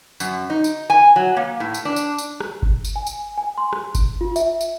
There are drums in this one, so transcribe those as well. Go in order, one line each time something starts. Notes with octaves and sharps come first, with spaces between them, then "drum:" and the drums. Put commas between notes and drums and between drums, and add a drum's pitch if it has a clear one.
F#2, drum: tambourine
D#4
drum: tambourine
G#5
F#3
A#3
A2
drum: tambourine
D4
drum: tambourine
drum: tambourine
drum: rim click
drum: kick G1
drum: tambourine
G#5
drum: tambourine
G#5
C6
drum: rim click
drum: kick G1, tambourine
F4
E5, drum: tambourine
drum: tambourine